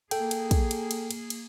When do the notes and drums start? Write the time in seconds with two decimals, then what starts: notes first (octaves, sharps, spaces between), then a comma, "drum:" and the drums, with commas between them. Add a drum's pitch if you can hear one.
0.11 A#3 G#4 A4 G5, drum: cymbal
0.31 drum: cymbal
0.51 drum: kick, cymbal
0.71 drum: cymbal
0.91 drum: cymbal
1.11 drum: cymbal
1.30 drum: cymbal